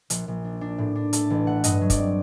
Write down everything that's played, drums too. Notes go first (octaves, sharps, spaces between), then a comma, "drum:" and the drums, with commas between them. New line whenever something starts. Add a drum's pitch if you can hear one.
A#1, drum: hi-hat
A#1
D4
D4
A2
D4
A3 A5, drum: hi-hat
A1
A3 F#5
G2 D#5, drum: hi-hat
F#3
D5, drum: kick, hi-hat
C4